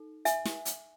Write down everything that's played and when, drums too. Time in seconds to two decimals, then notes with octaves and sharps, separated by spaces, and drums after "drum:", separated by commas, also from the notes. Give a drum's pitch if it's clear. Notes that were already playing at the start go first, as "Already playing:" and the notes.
Already playing: D#4 A4
0.25 E5 G#5, drum: hi-hat
0.45 drum: snare
0.65 drum: hi-hat